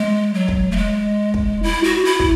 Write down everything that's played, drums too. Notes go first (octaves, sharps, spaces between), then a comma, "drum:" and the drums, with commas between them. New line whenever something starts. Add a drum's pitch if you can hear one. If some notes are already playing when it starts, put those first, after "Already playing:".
Already playing: G#3
F#3
drum: kick
A3
G#3
drum: kick
E4
F#4
E4
drum: kick